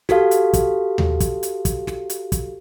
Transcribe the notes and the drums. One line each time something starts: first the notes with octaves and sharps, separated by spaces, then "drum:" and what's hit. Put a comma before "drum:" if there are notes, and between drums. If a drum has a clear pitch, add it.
F#4 G4 A4 F5, drum: snare
drum: hi-hat
drum: kick, hi-hat
drum: tom D#2
drum: kick, hi-hat
drum: hi-hat
drum: kick, hi-hat
drum: snare
drum: hi-hat
drum: kick, hi-hat